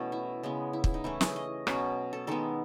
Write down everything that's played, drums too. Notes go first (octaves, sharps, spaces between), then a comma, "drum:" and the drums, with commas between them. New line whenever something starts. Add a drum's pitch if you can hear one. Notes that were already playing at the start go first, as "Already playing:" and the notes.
Already playing: B2 E3 A3 C#4
E4
C#3 G#3 B3
E4
E4, drum: kick
D#4
E3 A3 C#4 E4
G#4, drum: snare
D#5
B2 F#3 C#4, drum: rim click
A4
D#3 G#3 B3 A4